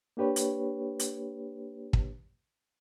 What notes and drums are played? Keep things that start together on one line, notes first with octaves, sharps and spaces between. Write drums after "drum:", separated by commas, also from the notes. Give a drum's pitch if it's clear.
A#3 D4 G4 B4 C#5
drum: hi-hat
drum: hi-hat
drum: kick